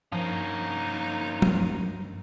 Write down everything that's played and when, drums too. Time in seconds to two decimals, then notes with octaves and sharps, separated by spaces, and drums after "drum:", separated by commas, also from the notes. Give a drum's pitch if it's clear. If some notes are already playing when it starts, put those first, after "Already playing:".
0.12 G2 F3 A#3 C#4 D#4
1.42 drum: tom F3